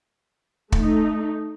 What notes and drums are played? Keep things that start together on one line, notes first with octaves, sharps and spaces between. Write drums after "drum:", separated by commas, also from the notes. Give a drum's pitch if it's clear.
A3 D#4, drum: kick